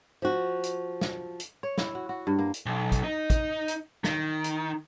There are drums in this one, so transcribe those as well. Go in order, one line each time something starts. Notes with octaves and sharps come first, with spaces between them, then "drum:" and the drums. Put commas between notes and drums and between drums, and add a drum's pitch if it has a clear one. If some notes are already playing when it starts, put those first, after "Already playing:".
F3 F#4
drum: hi-hat
drum: snare
drum: hi-hat
C#5
E4, drum: snare
F#4
F#4
G2
A#3
drum: hi-hat
B1
drum: kick, hi-hat
D#4
drum: kick, hi-hat
drum: hi-hat
D#3, drum: snare
drum: hi-hat